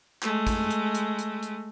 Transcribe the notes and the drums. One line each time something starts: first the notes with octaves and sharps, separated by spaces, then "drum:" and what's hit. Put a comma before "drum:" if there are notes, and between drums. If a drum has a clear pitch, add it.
G#3 A3, drum: clap
drum: kick, hi-hat
drum: hi-hat
drum: hi-hat
drum: hi-hat
drum: hi-hat